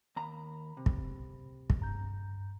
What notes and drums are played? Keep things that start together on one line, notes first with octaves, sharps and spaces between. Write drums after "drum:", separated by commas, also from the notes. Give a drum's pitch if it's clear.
D#2 A#5 B5
C3
drum: kick
drum: kick
G2 A#5 G6